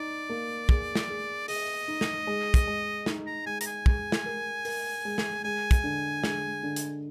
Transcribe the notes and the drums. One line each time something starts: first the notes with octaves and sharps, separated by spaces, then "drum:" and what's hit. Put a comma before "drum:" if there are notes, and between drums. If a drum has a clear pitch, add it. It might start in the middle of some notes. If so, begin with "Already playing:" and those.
Already playing: D#4 D5
A#3
G#4, drum: kick
drum: snare
G#4
G#4 D#5, drum: open hi-hat
D#4
drum: snare
G#3
drum: kick, hi-hat
G#3
D#4, drum: snare
A#5
G#3 G#5
A#5, drum: hi-hat
G#5
G#3, drum: kick
drum: snare
A#4
A#4, drum: open hi-hat
G#3
drum: snare
G#3 G#5
drum: kick, hi-hat
D3
G#3, drum: snare
D3
drum: hi-hat